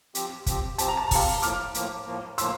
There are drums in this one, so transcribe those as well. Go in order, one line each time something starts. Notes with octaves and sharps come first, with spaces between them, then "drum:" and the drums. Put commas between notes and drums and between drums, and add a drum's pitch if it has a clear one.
F3 C4 G4, drum: hi-hat
F3 C4 G4, drum: kick, hi-hat
F3 C4 G4 A5, drum: hi-hat
A#5
A5
A#5
F3 C4 G4 F5 A5, drum: kick, open hi-hat
A2 F3 A#3 D6 F6, drum: hi-hat
A2 F3 A#3, drum: hi-hat
A2 F3 A#3
A2 F3 A#3 C6 E6, drum: hi-hat